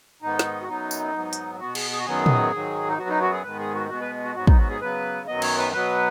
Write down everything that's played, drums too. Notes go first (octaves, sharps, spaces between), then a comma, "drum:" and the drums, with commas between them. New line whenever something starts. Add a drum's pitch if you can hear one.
G#2 D#3 B3 D#4
drum: snare
F#4
F#2 F#3 B3 D#4
drum: tambourine
G#2 F#3 B3
drum: hi-hat
B2 B3 F#4
G#4, drum: cymbal
G#4
F#4
F#2 D#3 F#3 B3 G#4
drum: tom
G#2 D#3 F#3
D#4
F#2 F#3 B3 F#4
D#4
F#4
G#4
G#2 D#3 G#3 B3 B4
G#4
F#4
B2 G#3 B3 F#4
B4
F#4
G#2 F#3 B3 F#4
D#4, drum: kick
F#4
G#4
C#3 F#3 B3 B4
F#2 D#3 F#3 B3 D#5
C#5, drum: cymbal
B4
B2 F#3 B3 B4